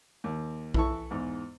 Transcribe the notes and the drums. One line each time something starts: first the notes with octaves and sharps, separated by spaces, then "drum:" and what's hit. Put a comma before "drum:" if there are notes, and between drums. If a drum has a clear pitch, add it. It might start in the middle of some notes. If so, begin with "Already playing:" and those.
D#2
E3 E4 A4 C#6, drum: kick A#1
E2 G#2